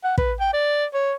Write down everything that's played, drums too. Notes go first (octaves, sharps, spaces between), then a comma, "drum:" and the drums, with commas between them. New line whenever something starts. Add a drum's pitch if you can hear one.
F#5
B4, drum: kick
G5
D5
C#5